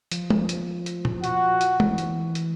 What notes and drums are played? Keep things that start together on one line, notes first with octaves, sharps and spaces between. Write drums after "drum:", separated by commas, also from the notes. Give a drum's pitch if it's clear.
F3, drum: hi-hat
drum: tom
drum: hi-hat
drum: hi-hat
drum: tom A#2
F#4, drum: hi-hat
drum: hi-hat
E3, drum: tom
drum: hi-hat
drum: hi-hat